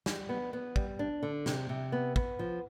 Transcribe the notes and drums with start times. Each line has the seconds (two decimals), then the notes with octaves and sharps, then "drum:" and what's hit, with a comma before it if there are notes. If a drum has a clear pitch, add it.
0.06 G3, drum: snare
0.29 B3
0.53 B3
0.76 G3, drum: kick
0.99 D4
1.23 D3
1.46 C3, drum: snare
1.69 C3
1.92 B3
2.16 B3, drum: kick
2.39 F3